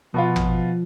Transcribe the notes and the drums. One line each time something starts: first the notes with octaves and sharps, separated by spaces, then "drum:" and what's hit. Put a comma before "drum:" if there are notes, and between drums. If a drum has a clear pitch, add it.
B2 F3 B3 F4
drum: tom